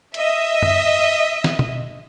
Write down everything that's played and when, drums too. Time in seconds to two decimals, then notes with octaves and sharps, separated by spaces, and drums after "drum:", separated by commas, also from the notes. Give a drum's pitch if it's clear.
0.14 D#5 E5, drum: hi-hat
0.62 drum: tom F#2
1.44 drum: snare
1.59 drum: tom B2